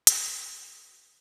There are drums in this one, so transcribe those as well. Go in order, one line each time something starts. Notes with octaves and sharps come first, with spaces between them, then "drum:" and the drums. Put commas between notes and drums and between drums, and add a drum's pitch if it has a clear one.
F#4 G#4 A4 B4, drum: hi-hat